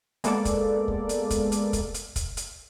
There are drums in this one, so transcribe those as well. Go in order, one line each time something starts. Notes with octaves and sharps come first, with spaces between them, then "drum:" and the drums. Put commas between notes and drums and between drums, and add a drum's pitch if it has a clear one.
G#3 A#3 B3 A4 D5, drum: hi-hat
drum: kick, hi-hat
drum: kick
drum: hi-hat
drum: kick, hi-hat
drum: hi-hat
drum: kick, hi-hat
drum: hi-hat
drum: kick, hi-hat
drum: hi-hat